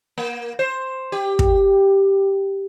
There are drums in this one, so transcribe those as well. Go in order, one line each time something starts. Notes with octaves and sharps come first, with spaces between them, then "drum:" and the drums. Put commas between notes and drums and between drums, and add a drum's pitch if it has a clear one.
A#3
C5
G4
drum: kick